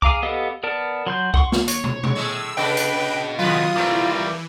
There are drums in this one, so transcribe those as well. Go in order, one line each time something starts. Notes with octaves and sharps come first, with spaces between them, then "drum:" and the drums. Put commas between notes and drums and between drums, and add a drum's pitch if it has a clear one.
G#4 F5 A#5 D6, drum: kick C2
B3 G4 A4 D#5 F5
B3 A#4 D5 A5
F#3 C6 G6
F#5 C6 C#6, drum: kick C2
drum: snare
C#5, drum: hi-hat
drum: tom
drum: tom
A2 G#3 A3 E6
C#3 D4 F#4 A4 B4 D#5 G5
drum: hi-hat
D#2 F#3 F4 B4 D#6
E3 G3 A3 C4 A#4